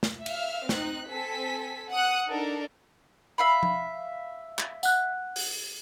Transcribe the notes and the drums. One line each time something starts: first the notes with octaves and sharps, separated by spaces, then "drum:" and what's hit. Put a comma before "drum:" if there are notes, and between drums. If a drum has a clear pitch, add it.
drum: snare
E5 F5 F6, drum: cymbal
C4 D#4 F#6, drum: snare
C4 A4 G#5 B6
F#5 D#6 F#6
D4 D#4 A4 A#4
E5 F5 B5
drum: tom F3
drum: clap
F#5 F#6, drum: tambourine
drum: open hi-hat